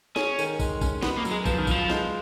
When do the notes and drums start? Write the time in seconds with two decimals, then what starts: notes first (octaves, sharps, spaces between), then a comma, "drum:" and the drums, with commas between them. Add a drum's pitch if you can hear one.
0.16 C#4 G#4, drum: snare
0.39 D#3, drum: tambourine
0.59 G#3, drum: kick, tambourine
0.81 C#4, drum: kick, tambourine
1.02 B3 B4, drum: snare
1.17 A#3
1.25 F#3, drum: tambourine
1.31 G#3
1.46 F3 B3, drum: kick, tambourine
1.58 D#3
1.67 F3 F4, drum: kick, tambourine
1.90 G#3, drum: snare